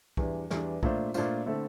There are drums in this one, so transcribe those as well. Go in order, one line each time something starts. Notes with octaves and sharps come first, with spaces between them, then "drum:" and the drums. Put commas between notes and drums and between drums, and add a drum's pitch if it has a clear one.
E2 E3 G3 D4, drum: kick B1
E2 E3 G3 D4, drum: snare
A#2 A3 D4 F4 C5, drum: kick B1
A#2 A3 D4 F4 C5, drum: tambourine
D3 A3 C4 E4 A4